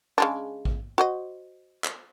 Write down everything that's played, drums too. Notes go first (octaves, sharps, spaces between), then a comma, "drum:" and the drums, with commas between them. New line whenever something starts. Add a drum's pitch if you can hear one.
C#3 G#3 D4
drum: kick A1
F#4 C5 D#5
drum: clap